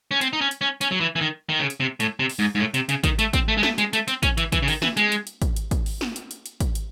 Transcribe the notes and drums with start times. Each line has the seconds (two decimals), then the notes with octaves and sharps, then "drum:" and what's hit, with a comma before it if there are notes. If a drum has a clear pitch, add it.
0.11 C#4
0.21 C4, drum: hi-hat
0.33 D#4
0.41 C#4
0.51 drum: hi-hat
0.61 C#4
0.81 C#4, drum: hi-hat
0.92 F#3
1.00 E3
1.16 E3
1.21 D#3
1.49 D#3
1.60 C#3
1.70 drum: hi-hat
1.80 C3
2.00 A2, drum: hi-hat
2.19 C3
2.30 drum: open hi-hat
2.39 G#2
2.55 G#2
2.60 A2
2.74 C3, drum: hi-hat
2.89 C#3, drum: hi-hat
3.04 D#3, drum: kick, hi-hat
3.19 A3, drum: hi-hat
3.33 C4, drum: kick, hi-hat
3.48 A3
3.57 G#3
3.63 A3, drum: snare
3.78 G#3, drum: hi-hat
3.93 A3, drum: hi-hat
4.08 C4, drum: hi-hat
4.23 C#4, drum: kick, hi-hat
4.38 E3, drum: hi-hat
4.52 E3, drum: kick, hi-hat
4.63 C#3
4.68 D#3, drum: open hi-hat
4.82 E3, drum: snare
4.97 G#3, drum: hi-hat
5.12 drum: hi-hat
5.27 drum: hi-hat
5.42 drum: kick, hi-hat
5.56 drum: hi-hat
5.71 drum: kick, hi-hat
5.86 drum: open hi-hat
6.01 drum: snare
6.16 drum: hi-hat
6.31 drum: hi-hat
6.46 drum: hi-hat
6.60 drum: kick, hi-hat
6.75 drum: hi-hat